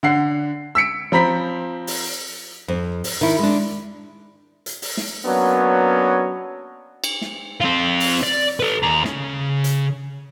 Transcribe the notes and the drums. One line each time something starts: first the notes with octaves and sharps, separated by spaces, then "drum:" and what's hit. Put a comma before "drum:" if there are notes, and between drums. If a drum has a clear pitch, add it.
D3 F#5 C7
E6 B6 C#7 D7
F3 C4 A#5 B5 B6
drum: open hi-hat
F2
drum: open hi-hat
D#3 E4
G#3 D4
drum: hi-hat
drum: open hi-hat
drum: snare
F#3 A#3 B3 C#4 D4
drum: cymbal
drum: snare
C4 F4
drum: open hi-hat
D5
A4 B4
D#2 A#5
C#3, drum: snare
drum: hi-hat